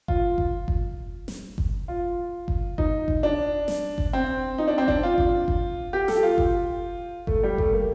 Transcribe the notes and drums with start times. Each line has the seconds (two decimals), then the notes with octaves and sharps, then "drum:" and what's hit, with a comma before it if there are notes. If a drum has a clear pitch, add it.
0.08 F4, drum: kick F#1
0.38 drum: kick F#1
0.68 drum: kick F#1
1.28 drum: snare
1.58 drum: kick F#1
1.88 F4
2.48 drum: kick F#1
2.78 D#4, drum: kick F#1
3.08 drum: kick F#1
3.23 D4
3.68 drum: snare
3.98 drum: kick F#1
4.13 C4
4.58 D#4
4.68 D4
4.78 C4
4.88 D4, drum: kick F#1
5.03 F4
5.18 drum: kick F#1
5.48 drum: kick F#1
5.93 G4
6.08 A4, drum: snare
6.16 G4
6.23 F4
6.38 drum: kick F#1
7.27 A3, drum: kick F#1
7.43 G3
7.58 A3, drum: kick F#1
7.72 A#3